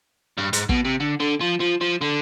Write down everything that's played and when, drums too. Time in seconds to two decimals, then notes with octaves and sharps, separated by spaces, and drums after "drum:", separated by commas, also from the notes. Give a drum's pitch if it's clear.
0.38 G2
0.53 G#2, drum: hi-hat
0.69 B2, drum: kick
0.85 C3
1.00 D3
1.20 D3
1.41 F3
1.60 F3
1.81 F3
2.01 D3